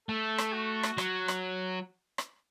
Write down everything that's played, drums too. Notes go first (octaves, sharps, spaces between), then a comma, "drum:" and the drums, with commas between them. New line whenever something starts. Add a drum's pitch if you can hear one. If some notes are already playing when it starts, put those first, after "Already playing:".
A3 A4
drum: rim click
F#4
drum: rim click
F#3, drum: rim click
drum: rim click
drum: rim click